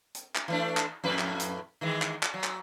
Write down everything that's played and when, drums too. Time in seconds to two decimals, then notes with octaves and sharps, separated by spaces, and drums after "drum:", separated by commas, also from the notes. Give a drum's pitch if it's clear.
0.15 drum: hi-hat
0.35 drum: clap
0.48 E3 A3 D4
0.77 drum: clap
1.04 F2 A2 B4
1.19 drum: clap
1.40 drum: hi-hat
1.81 D#3 E3 G#3
2.02 drum: clap
2.23 drum: clap
2.34 F#3
2.44 drum: clap